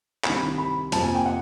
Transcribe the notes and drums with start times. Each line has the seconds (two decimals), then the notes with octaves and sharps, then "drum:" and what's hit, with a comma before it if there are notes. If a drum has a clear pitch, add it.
0.24 C2 C3 D#3 B5, drum: clap
0.58 B5
0.92 F2 C3 F3 A#3 A5, drum: hi-hat
1.04 G#5
1.15 G5
1.26 F#5